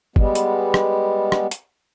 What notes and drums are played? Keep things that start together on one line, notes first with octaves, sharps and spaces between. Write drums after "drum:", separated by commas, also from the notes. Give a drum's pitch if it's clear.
G3 G#3 B3, drum: kick G1
drum: hi-hat
drum: rim click
drum: rim click
drum: hi-hat